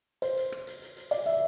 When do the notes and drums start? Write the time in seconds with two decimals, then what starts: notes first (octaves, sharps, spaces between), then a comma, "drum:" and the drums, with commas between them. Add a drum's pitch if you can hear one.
0.22 C5, drum: hi-hat
0.37 drum: hi-hat
0.52 drum: rim click
0.67 drum: hi-hat
0.82 drum: hi-hat
0.97 drum: hi-hat
1.11 D5, drum: hi-hat
1.26 E5, drum: hi-hat